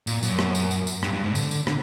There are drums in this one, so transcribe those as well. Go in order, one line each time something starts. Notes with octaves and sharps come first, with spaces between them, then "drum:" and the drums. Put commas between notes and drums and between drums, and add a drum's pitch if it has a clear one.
A#2, drum: tambourine
F#2, drum: tambourine
drum: rim click
drum: tambourine
drum: tambourine
drum: tambourine
G2, drum: rim click
G2
G#2
D3, drum: tambourine
drum: tambourine
D3, drum: rim click